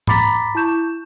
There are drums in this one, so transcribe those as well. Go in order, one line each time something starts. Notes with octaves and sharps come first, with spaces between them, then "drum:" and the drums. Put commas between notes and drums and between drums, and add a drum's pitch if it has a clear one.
A#5 B5 D6 A6 B6, drum: tom G#2
E4 A5 C#6 G6 E7